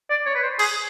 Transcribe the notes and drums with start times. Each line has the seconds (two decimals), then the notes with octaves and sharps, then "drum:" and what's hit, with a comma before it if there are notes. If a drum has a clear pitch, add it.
0.10 D5
0.26 C#5
0.35 B4
0.43 C5
0.59 G#4, drum: cymbal